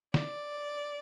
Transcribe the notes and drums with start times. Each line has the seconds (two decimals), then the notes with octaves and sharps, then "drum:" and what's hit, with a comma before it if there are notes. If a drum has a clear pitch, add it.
0.14 D5, drum: snare